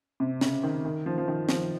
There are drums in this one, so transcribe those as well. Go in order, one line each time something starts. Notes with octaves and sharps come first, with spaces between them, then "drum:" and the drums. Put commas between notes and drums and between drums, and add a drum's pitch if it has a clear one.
C3
C#3, drum: snare
D#3
D#3
F3
F3
D#3
F3, drum: snare